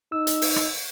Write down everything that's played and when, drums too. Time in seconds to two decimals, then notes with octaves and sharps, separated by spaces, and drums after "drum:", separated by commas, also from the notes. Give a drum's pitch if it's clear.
0.12 D#4 E6
0.27 drum: hi-hat
0.42 drum: open hi-hat
0.56 drum: rim click